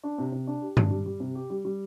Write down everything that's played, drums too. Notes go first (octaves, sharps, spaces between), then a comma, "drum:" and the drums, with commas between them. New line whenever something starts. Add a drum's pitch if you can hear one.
D4
C3
C3
D4
G4
D4, drum: tom G2
G3
G3
C3
G4
G3
G3